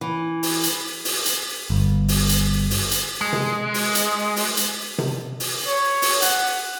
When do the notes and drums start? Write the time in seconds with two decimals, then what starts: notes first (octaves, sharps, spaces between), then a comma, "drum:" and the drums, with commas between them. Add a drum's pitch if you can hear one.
0.01 E3
0.43 drum: open hi-hat
0.63 drum: hi-hat
1.05 drum: open hi-hat
1.26 drum: hi-hat
1.70 G1
2.08 drum: open hi-hat
2.29 drum: hi-hat
2.71 drum: open hi-hat
2.91 drum: hi-hat
3.21 G#3
3.33 drum: tom C3
3.74 drum: open hi-hat
3.95 drum: hi-hat
4.36 drum: open hi-hat
4.57 drum: hi-hat
4.98 drum: tom C3
5.40 drum: open hi-hat
5.67 C#5
6.02 drum: open hi-hat
6.22 F#5, drum: hi-hat